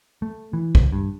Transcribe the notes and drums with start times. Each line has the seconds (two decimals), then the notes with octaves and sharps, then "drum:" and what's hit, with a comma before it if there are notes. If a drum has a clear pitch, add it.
0.22 A3
0.53 E3
0.75 C#2, drum: kick
0.92 G2